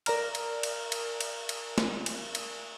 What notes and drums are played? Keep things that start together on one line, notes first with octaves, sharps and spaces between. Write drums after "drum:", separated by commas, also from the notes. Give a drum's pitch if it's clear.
A#4 D5 A#5 F6, drum: cymbal
drum: cymbal
drum: cymbal
drum: cymbal
drum: cymbal
drum: cymbal
drum: snare
drum: cymbal
drum: cymbal